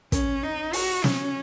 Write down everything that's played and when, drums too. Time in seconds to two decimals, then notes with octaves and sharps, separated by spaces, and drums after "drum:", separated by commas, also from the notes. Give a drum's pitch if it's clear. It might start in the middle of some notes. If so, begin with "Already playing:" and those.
0.12 C#4, drum: kick, hi-hat
0.43 D#4
0.73 F#4, drum: open hi-hat
1.04 C#4, drum: snare